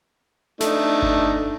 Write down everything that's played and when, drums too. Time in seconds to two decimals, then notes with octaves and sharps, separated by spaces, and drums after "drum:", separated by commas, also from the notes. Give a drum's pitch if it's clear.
0.60 A3 D4 D#4, drum: snare
1.02 drum: kick G1